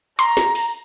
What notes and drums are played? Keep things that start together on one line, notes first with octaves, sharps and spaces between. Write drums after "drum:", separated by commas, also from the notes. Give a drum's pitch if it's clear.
A#5 C6, drum: hi-hat
drum: snare
drum: open hi-hat